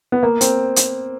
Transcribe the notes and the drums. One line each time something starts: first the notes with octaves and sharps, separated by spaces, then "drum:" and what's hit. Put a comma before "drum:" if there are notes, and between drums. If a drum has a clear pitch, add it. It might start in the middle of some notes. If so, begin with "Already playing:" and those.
B3
A#3
C4, drum: hi-hat
drum: hi-hat